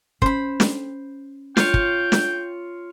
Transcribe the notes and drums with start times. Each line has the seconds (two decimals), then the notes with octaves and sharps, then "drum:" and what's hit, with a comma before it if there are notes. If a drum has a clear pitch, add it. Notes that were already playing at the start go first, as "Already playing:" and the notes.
0.22 C#4 C5 B5, drum: kick
0.60 drum: snare
1.57 F4 C#5 G5, drum: snare
1.74 drum: kick
2.12 drum: snare